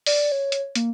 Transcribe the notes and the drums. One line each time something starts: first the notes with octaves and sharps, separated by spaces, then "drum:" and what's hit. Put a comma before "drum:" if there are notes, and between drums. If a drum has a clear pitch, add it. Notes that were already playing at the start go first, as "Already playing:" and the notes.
D5, drum: open hi-hat
C#5
drum: hi-hat
A#3, drum: hi-hat